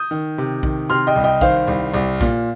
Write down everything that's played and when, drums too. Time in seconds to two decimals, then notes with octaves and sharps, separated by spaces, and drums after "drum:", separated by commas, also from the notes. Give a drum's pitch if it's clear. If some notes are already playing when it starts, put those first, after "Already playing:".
Already playing: D#6 G6
0.11 D#3
0.38 C3
0.63 D#3, drum: kick A#1
0.89 C3 C6 F6
1.07 D#5 G5
1.16 C2
1.24 D#5 G5
1.41 D#3 C5 F5, drum: kick A#1
1.67 C2
1.94 C2
2.21 A#2, drum: kick A#1